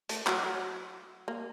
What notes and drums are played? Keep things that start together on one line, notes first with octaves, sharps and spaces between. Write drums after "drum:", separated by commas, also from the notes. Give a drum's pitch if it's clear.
A3, drum: hi-hat
F#3, drum: clap
F#3
A#3